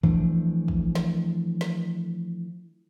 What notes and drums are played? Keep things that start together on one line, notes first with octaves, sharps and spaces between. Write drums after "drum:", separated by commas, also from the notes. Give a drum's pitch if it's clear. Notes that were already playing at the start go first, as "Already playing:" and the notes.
E3 F3 A3 D4, drum: kick
drum: kick
drum: snare
drum: snare